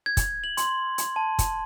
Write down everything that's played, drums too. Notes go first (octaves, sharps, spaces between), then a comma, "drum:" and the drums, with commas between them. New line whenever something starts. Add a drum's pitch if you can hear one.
G#6
drum: kick, hi-hat
F#7
C6, drum: hi-hat
drum: hi-hat
A5
drum: kick, hi-hat